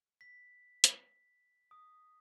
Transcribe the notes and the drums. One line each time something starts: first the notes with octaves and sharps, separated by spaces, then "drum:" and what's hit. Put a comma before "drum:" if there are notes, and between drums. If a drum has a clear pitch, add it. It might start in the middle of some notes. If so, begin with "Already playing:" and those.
B6
drum: hi-hat
D#6